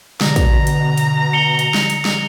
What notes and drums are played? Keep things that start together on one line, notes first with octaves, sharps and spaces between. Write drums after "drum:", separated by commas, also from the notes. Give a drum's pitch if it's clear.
B2 D3 A#5, drum: snare
drum: kick, hi-hat
drum: hi-hat
drum: hi-hat
C#7 F7 G7
drum: hi-hat
drum: snare
drum: hi-hat
drum: snare